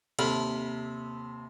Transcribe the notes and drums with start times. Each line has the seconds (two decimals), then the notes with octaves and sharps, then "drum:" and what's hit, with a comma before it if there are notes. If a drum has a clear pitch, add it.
0.19 D#2 C3 A4 A5 B5 F6, drum: cymbal